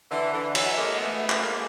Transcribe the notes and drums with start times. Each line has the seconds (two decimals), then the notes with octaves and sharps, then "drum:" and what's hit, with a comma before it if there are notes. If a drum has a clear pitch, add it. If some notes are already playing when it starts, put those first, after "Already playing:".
0.11 D3 E3
0.33 D3 E3
0.55 E3 F#3, drum: cymbal
0.76 G#3 A#3
0.98 A3 B3
1.29 drum: clap
1.43 G#3 A#3